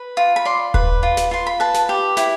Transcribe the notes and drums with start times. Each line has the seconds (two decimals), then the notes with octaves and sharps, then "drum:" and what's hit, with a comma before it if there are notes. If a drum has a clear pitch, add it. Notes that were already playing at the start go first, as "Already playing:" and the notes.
Already playing: B4
0.17 F4
0.36 B5
0.45 D5 C6
0.74 B4, drum: kick D#1
1.03 F4
1.17 drum: snare
1.31 F4 C6
1.47 B5
1.60 B4 A5
1.74 drum: snare
1.89 G4
2.17 E4 G5, drum: snare